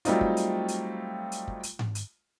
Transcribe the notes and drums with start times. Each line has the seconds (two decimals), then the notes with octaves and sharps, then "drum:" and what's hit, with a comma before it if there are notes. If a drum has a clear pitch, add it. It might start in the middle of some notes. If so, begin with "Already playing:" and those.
0.05 F#3 G3 A3 C4 D#4 F4, drum: hi-hat
0.21 drum: kick
0.37 drum: hi-hat
0.68 drum: hi-hat
1.32 drum: hi-hat
1.47 drum: kick
1.63 drum: hi-hat
1.79 drum: tom G#2
1.95 drum: hi-hat